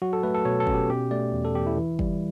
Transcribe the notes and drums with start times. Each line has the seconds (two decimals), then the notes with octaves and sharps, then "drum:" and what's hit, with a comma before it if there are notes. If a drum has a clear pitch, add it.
0.02 F#3 F#4
0.13 A4
0.23 A3 B4
0.35 A4
0.45 B2 C#5
0.60 A4
0.67 C#4, drum: kick
0.74 G4
0.89 B2 G4
1.11 A3 D5
1.33 E2
1.45 A4
1.55 E2 G4
1.67 E4
1.77 E3
1.99 G3, drum: kick